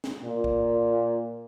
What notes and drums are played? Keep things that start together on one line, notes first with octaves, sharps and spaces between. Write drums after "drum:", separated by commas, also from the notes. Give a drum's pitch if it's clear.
drum: snare
A#2
drum: kick